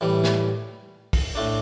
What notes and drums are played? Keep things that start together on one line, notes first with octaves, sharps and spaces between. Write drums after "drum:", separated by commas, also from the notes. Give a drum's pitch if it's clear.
A2 E3 G3
drum: snare
drum: kick, open hi-hat
A2 A3 D4